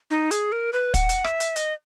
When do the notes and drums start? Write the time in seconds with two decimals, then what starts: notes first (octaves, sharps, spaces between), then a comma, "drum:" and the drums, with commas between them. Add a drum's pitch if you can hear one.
0.10 D#4
0.31 G#4, drum: hi-hat
0.52 A#4
0.73 B4
0.94 F#5, drum: kick, hi-hat
1.09 drum: hi-hat
1.24 E5, drum: rim click
1.40 drum: hi-hat
1.56 D#5, drum: hi-hat